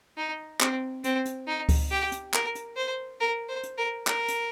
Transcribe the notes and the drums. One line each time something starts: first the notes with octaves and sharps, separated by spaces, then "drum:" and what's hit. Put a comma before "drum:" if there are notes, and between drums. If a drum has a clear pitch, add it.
D#4
C4, drum: clap
C4, drum: hi-hat
drum: hi-hat
D#4
drum: kick C#2, open hi-hat
G4
drum: hi-hat
A#4, drum: clap
drum: hi-hat
C5
A#4
C5
drum: hi-hat
A#4
A#4, drum: clap
drum: hi-hat